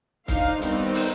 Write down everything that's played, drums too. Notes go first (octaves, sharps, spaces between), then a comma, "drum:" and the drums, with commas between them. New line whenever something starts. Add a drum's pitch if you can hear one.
D4 D#4 C5 F5, drum: kick, hi-hat
D#3 G3 B3 C4 D#4, drum: hi-hat
drum: open hi-hat